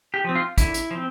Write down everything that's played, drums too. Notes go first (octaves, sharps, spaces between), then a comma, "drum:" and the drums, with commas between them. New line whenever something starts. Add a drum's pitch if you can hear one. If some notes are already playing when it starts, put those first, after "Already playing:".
G4
F3 C4
F4
D3 E4, drum: kick, hi-hat
drum: hi-hat
F3 C4